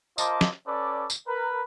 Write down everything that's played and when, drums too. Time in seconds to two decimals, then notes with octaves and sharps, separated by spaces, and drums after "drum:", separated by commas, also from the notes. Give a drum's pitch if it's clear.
0.18 F4 A#4 C5 D#5 A5 D6, drum: tambourine
0.41 drum: snare
0.68 C#4 A4 B4 D5
1.10 drum: tambourine
1.28 A#4 B4